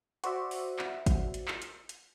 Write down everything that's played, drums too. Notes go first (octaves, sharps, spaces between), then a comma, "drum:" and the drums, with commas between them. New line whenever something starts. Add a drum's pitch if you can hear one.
F#4 C5 D5 E5 F#5, drum: hi-hat
drum: open hi-hat
drum: clap
drum: kick, hi-hat
drum: hi-hat
drum: clap
drum: hi-hat
drum: hi-hat